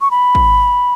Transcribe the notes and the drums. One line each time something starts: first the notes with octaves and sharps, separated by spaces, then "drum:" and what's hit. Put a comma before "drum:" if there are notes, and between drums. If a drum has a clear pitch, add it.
C#6
B5
drum: kick